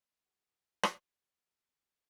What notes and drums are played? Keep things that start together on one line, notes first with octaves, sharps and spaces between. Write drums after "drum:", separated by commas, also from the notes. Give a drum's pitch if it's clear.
F#4 G#4
drum: rim click